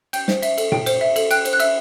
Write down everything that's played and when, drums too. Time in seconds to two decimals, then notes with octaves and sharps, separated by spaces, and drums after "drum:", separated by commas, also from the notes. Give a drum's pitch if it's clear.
0.13 G5 G6, drum: cymbal
0.28 C5, drum: snare
0.42 E5, drum: cymbal
0.58 A4, drum: cymbal
0.72 G5, drum: tom A#2
0.86 C5, drum: cymbal
1.01 E5
1.16 A4, drum: cymbal
1.31 G5 F#6, drum: cymbal
1.45 C5, drum: cymbal
1.53 F#6
1.60 E5 E6, drum: cymbal